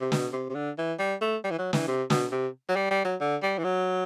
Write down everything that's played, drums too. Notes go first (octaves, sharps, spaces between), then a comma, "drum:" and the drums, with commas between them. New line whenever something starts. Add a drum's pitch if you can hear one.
C3
B2, drum: snare
C3
C3
D3
E3
G3
A3
G3
E3
F#3
E3, drum: snare
C3
B2, drum: snare
C3
F#3
G3
G3
F#3
D3
G3
E3
F#3